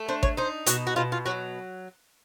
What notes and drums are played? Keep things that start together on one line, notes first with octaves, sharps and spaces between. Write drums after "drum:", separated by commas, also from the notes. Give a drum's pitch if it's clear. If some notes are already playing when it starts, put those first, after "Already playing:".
Already playing: A3
D4 C5
C#5, drum: kick G#1
D#4 C5
B2 F#4, drum: hi-hat
F#4
B2 F4
F4
F#3 F#4